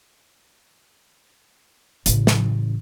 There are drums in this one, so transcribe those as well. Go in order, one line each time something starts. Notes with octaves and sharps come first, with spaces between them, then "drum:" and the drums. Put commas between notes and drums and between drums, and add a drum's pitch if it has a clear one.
A1 C#3, drum: hi-hat
drum: snare